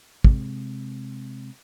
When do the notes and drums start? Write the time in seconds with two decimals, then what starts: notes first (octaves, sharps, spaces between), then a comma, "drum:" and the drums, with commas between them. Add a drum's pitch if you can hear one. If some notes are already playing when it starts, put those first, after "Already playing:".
0.25 C3 G#3, drum: kick